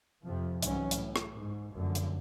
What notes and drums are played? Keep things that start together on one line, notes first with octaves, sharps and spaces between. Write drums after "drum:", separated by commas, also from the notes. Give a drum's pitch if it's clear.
F2 C3 F3
C2 G#2 E3 F#3 C#4, drum: hi-hat
A2, drum: hi-hat
drum: rim click
G#2
F1 F#2 D3
drum: hi-hat